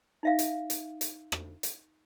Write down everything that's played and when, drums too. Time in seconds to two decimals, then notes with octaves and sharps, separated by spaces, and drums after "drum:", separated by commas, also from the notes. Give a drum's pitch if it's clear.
0.23 D#4 E5 F5
0.39 drum: hi-hat
0.70 drum: hi-hat
1.01 drum: hi-hat
1.32 drum: rim click
1.63 drum: hi-hat